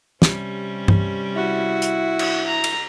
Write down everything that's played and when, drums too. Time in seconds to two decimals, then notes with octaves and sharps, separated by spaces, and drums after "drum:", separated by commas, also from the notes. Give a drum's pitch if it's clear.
0.22 C3 G3 C#4, drum: snare
0.88 drum: tom G2
1.36 E4 F#4
1.82 drum: hi-hat
2.19 drum: cymbal
2.47 A#5
2.64 drum: cymbal